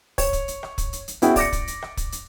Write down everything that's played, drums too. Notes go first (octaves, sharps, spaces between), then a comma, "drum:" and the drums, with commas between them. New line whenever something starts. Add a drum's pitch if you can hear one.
C#5, drum: kick, open hi-hat
drum: kick, hi-hat
drum: hi-hat
drum: rim click
drum: kick, hi-hat
drum: hi-hat
drum: hi-hat
B3 C#4 E4 F#4 G#4 G5, drum: hi-hat
D5 D6 A#6 C#7, drum: kick, open hi-hat
drum: kick, hi-hat
drum: hi-hat
drum: rim click
drum: kick, hi-hat
drum: hi-hat